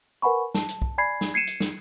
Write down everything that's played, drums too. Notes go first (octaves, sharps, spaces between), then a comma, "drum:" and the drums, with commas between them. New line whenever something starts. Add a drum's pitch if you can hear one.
A#4 B4 F#5 G#5 B5 C#6
A5, drum: snare
drum: hi-hat
drum: kick
D5 G#5 B5 G#6 C7
drum: snare
G#6 C7 C#7 D#7 E7
drum: hi-hat
drum: snare